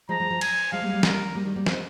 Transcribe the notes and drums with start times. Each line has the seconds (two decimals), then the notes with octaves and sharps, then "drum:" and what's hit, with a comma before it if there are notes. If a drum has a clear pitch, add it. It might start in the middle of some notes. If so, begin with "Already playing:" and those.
0.09 F3 G#3 A#5
0.20 F3
0.30 F3
0.41 G#5, drum: cymbal
0.72 F3 G#3 F5
0.82 G3 A#3
0.93 G3 A#3
1.03 A#4, drum: snare
1.35 G3 A#3
1.45 D#3 G3
1.56 G3 A#3
1.66 G#3 C4, drum: snare